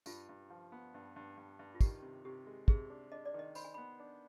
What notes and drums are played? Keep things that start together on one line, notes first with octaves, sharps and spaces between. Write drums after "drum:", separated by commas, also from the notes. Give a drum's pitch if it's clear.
G2 F4, drum: tambourine
G2
F3
B3
G2
G2
G2
G2
F4
D#3 G4, drum: kick, tambourine
C3
C3 G4
G#3
C3 G#4, drum: kick
D4
D4 D#5
D5
D#3 D#5
C5 B5, drum: tambourine
G#5
B3 B5
D4